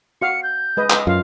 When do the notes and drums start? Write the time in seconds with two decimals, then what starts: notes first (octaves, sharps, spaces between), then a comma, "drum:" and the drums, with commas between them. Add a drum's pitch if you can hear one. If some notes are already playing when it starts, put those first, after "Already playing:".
0.22 F#4 F5 C#7
0.43 G6
0.77 G#3 B4 D#5
0.90 B4 D#5, drum: clap
1.07 F#2 F4 F5